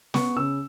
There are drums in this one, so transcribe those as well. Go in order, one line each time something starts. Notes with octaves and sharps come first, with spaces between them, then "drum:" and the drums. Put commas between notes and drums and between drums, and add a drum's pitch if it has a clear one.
B3 C#6, drum: snare
C#3 E6